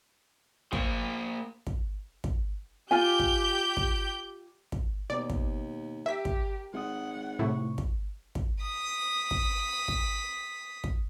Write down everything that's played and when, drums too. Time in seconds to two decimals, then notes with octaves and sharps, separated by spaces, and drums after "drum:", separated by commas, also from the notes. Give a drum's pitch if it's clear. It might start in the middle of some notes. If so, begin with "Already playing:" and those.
0.73 A#3 C5, drum: kick
1.67 drum: kick
2.24 drum: kick
2.91 F4 G4 G#5 G6
3.19 drum: kick
3.77 drum: kick
4.72 drum: kick
5.10 D#2 B2 B3 D#4 D5
5.30 drum: kick
6.06 G4 A#4 E5 B6
6.25 drum: kick
6.73 G#1 G#3 F#5 D#6
7.39 A2 C3 G3 E4 C#6
7.78 drum: kick
8.35 drum: kick
8.62 D#6 B6
9.31 drum: kick
9.88 drum: kick
10.84 drum: kick